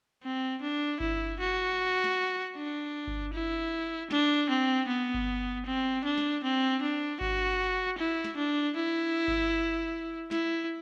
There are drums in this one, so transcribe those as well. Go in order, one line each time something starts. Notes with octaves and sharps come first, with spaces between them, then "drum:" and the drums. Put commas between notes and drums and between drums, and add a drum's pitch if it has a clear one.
C4
D4
E4, drum: kick G1
F#4
drum: snare
D4
drum: kick G1
E4
D4, drum: snare
C4
B3
drum: kick G1
C4
D4
drum: snare
C4
D4
F#4, drum: kick G1
E4
drum: snare
D4
E4
drum: kick G1
E4, drum: snare